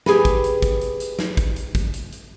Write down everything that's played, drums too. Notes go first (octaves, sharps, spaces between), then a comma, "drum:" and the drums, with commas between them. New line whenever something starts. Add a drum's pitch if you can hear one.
G4 G#4 B4, drum: snare
drum: kick, hi-hat
drum: hi-hat
drum: kick, hi-hat
drum: hi-hat
drum: hi-hat
drum: snare
drum: kick, hi-hat
drum: hi-hat
drum: kick, hi-hat
drum: hi-hat
drum: hi-hat